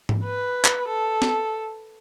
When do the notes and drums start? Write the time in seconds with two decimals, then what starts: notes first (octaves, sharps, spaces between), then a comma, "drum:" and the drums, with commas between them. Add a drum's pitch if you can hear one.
0.09 drum: tom G#2
0.24 B4
0.65 drum: clap
0.88 A4
1.22 drum: snare